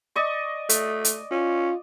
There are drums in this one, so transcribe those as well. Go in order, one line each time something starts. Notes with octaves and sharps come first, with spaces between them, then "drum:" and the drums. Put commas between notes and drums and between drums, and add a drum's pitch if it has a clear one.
D5 D#5 C#6
A3, drum: hi-hat
drum: hi-hat
C#4 F4